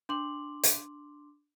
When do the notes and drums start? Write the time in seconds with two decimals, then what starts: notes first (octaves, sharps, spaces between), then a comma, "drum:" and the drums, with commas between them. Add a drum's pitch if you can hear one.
0.09 D4 C6 D6 F#7
0.63 drum: hi-hat